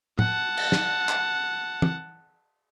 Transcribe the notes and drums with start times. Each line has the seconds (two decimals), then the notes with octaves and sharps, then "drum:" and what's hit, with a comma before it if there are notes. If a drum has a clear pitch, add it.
0.19 F#5 A5, drum: tom
0.57 drum: cymbal
0.72 drum: snare
1.09 drum: clap
1.82 drum: tom